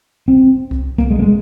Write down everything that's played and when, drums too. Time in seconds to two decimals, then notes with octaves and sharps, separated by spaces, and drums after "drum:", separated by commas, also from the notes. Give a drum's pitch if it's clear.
0.28 C4
0.71 drum: kick C2
0.98 A#3, drum: kick C2
1.11 G#3
1.19 A#3
1.22 G#3